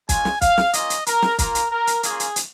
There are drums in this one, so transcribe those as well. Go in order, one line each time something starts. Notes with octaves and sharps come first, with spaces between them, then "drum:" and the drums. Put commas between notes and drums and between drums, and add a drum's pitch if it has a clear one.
G#3 C#4 F4 G#5, drum: kick, hi-hat
drum: snare
F5, drum: kick, hi-hat
drum: snare
A#3 C#4 F4 D#5, drum: hi-hat
drum: hi-hat
A#4, drum: hi-hat
drum: snare
A#3 F4 A#4, drum: kick, hi-hat
drum: hi-hat
A#4
drum: hi-hat
A#3 C#4 F4 G#4, drum: hi-hat
drum: hi-hat
drum: hi-hat